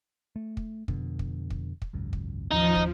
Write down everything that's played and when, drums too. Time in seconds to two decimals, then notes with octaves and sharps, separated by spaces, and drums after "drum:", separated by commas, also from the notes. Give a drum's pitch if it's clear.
0.36 A3
0.57 drum: kick
0.88 F2 B2 D3, drum: kick
1.19 drum: kick
1.50 drum: kick
1.82 drum: kick
1.93 G#1 C#2 F#2
2.13 drum: kick
2.51 A1 D#2 F3 C#4 D#4
2.75 drum: kick